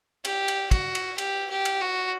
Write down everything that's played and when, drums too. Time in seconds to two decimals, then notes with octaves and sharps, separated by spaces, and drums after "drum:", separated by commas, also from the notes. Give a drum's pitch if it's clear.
0.25 G4, drum: cymbal
0.48 drum: cymbal
0.71 F#4, drum: kick, cymbal
0.95 drum: cymbal
1.18 G4, drum: cymbal
1.50 G4
1.65 drum: cymbal
1.81 F#4